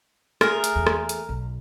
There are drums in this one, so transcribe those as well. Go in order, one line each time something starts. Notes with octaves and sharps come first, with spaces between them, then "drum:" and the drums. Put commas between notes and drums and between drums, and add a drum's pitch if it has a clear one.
A3 G#4 A#4, drum: rim click
drum: hi-hat
E2
drum: rim click
drum: hi-hat
B1